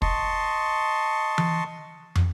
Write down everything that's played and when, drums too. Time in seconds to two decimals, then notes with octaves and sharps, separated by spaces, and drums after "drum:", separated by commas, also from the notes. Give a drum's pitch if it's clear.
0.02 D#5 A5 C6 C#6, drum: kick
1.38 drum: tom E3
2.16 drum: tom